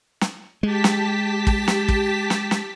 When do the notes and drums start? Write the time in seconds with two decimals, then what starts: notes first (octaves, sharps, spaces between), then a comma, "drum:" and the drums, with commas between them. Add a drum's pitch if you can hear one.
0.21 drum: snare
0.63 G#3 G4 A5 B6
0.84 drum: snare
1.47 drum: kick
1.68 drum: snare
1.88 drum: kick
2.30 drum: snare
2.51 drum: snare